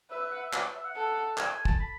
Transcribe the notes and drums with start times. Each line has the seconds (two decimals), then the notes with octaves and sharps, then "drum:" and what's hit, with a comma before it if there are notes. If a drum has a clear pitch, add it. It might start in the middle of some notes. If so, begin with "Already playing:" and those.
0.11 B4 E5
0.21 E5
0.31 F#5
0.43 E5
0.53 D5, drum: clap
0.74 E5
0.84 F#5
0.95 A4
1.37 G#5, drum: clap
1.51 G#5
1.65 A5, drum: kick
1.80 B5